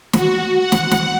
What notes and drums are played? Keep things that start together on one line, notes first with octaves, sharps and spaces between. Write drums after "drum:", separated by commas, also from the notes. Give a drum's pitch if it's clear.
F#4, drum: snare
F#5
drum: snare
drum: snare